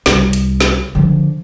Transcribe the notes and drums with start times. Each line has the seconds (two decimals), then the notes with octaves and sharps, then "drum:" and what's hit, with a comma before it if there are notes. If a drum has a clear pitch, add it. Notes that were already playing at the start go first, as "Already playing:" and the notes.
0.06 C2, drum: snare
0.33 drum: hi-hat
0.60 drum: snare
0.95 D3 F3